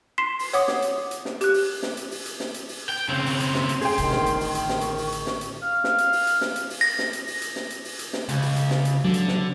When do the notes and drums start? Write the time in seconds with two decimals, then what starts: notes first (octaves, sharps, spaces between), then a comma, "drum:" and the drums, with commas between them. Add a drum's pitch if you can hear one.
0.18 C6 B6 C7 E7 G7
0.39 drum: open hi-hat
0.53 C#5 F#5 D6 D#6, drum: hi-hat
0.68 drum: snare
0.82 drum: hi-hat
1.11 drum: hi-hat
1.25 drum: snare
1.41 G4 F#6, drum: hi-hat
1.54 drum: open hi-hat
1.83 drum: snare
1.97 drum: hi-hat
2.11 drum: open hi-hat
2.26 drum: hi-hat
2.40 drum: snare
2.54 drum: hi-hat
2.69 drum: open hi-hat
2.89 G5
3.09 C#3 C4
3.26 drum: open hi-hat
3.40 drum: hi-hat
3.55 drum: snare
3.69 drum: hi-hat
3.81 G#4 G5 C6, drum: open hi-hat
3.98 A1 D3 D#3, drum: hi-hat
4.12 drum: snare
4.26 drum: hi-hat
4.41 drum: open hi-hat
4.55 drum: hi-hat
4.69 drum: snare
4.81 C#6, drum: hi-hat
4.98 drum: open hi-hat
5.12 drum: hi-hat
5.27 drum: snare
5.41 drum: hi-hat
5.62 F5
5.84 drum: snare
5.98 drum: hi-hat
6.13 drum: open hi-hat
6.27 drum: hi-hat
6.41 drum: snare
6.56 drum: hi-hat
6.70 drum: open hi-hat
6.81 A#6
6.99 drum: snare
7.13 drum: hi-hat
7.27 drum: open hi-hat
7.42 drum: hi-hat
7.56 drum: snare
7.70 drum: hi-hat
7.85 drum: open hi-hat
7.99 drum: hi-hat
8.13 drum: snare
8.29 C#2, drum: hi-hat
8.42 drum: open hi-hat
8.56 drum: hi-hat
8.71 drum: snare
8.85 drum: hi-hat
9.05 D3 F#3
9.14 drum: hi-hat
9.28 drum: snare